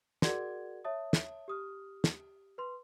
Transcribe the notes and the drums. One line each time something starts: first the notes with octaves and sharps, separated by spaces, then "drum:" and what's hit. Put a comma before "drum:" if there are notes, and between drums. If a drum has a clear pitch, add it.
F#4 G#4 A#4 D5 F#5 G#6, drum: snare
C#5 E5 A5 D#6
drum: snare
G4 D#6 F6
drum: snare
B4 C6